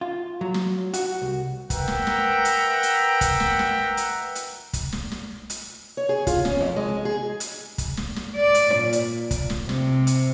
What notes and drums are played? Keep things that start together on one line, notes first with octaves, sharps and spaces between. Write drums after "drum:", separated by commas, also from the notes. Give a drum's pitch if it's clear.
F4
F#3
drum: snare
F#4, drum: hi-hat
C2
A#4 B4 E5 F#5 G5 A#5, drum: kick, hi-hat
drum: snare
drum: snare
drum: hi-hat
drum: hi-hat
drum: kick, hi-hat
drum: snare
drum: snare
drum: hi-hat
drum: hi-hat
drum: kick, hi-hat
drum: snare
drum: snare
drum: hi-hat
C#5
G#4
F4, drum: kick, hi-hat
C#4, drum: snare
F2
G#3
G#4
drum: hi-hat
drum: kick, hi-hat
drum: snare
drum: snare
D5
drum: hi-hat
A#2
drum: hi-hat
drum: kick, hi-hat
drum: snare
C3, drum: snare
drum: hi-hat